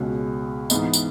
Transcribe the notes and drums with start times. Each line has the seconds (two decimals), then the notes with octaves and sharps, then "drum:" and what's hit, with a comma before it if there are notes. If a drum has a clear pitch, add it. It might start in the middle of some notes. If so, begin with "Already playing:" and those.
Already playing: C#2 B2 G#3 C#4 F#4
0.70 G#2 E3 B3 D#4, drum: tambourine
0.93 drum: tambourine